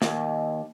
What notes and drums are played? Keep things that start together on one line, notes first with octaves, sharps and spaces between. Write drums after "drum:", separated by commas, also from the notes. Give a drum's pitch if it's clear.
D#2, drum: snare